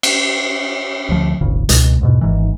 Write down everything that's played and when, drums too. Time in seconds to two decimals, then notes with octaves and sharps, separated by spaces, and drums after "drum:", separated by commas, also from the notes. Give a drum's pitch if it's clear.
0.03 drum: cymbal
1.09 D2 F3
1.41 D#1 G#1 C#3
1.69 C#2 B2 G#3, drum: hi-hat
2.01 E2 G#2 B2
2.21 G#1 G#2 E3